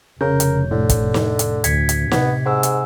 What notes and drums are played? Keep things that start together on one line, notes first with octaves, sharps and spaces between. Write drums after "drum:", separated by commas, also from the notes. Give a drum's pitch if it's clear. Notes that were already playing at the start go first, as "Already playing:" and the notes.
F1 C#3 A#4 C#5 G6
drum: hi-hat
A2 D3
drum: kick, hi-hat
drum: snare
drum: hi-hat
D2 G#6 B6 C#7, drum: hi-hat
drum: hi-hat
C3 B3, drum: snare
G#2 F#5 G#5 E6
drum: hi-hat